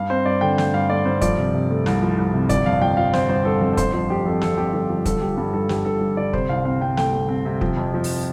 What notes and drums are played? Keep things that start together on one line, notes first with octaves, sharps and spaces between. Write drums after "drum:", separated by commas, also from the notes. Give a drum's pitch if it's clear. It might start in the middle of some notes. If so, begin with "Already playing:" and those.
Already playing: G2 F5
C4 C5
G2 D5
D3 G5
A3 G5, drum: snare
G2 F5
A3 D5
G2 C5
F3 D5, drum: kick, hi-hat
C3
C3
A3
C2, drum: snare
F3
C2
C3
G1 D5, drum: kick, hi-hat
F2 F5
F3 G5
F3 F5
C4 C5, drum: snare
G1 C5
G1 A4
F2 A4
A4
G1 C5, drum: kick, hi-hat
F3 C5
F3 G4
F2 A4
F2 A4, drum: snare
F2 G4
G1 A4
F3
G1 A4, drum: kick, hi-hat
F3 G4
G2 A4
G1 A4
G1 G4, drum: snare
G1 A4
G1
G1 D5
C3 C5, drum: kick
C2 F5
C4 F5
C4 G5
A3 G5, drum: snare
A3
C4
C3
F3, drum: kick
F2
F3
drum: open hi-hat